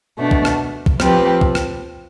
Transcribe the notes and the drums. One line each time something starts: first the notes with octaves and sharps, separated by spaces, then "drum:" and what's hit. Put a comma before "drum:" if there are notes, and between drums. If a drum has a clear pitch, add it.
B2 A3 D4
drum: kick
drum: rim click
drum: kick
F3 C4 G4 B4, drum: rim click
drum: kick
drum: rim click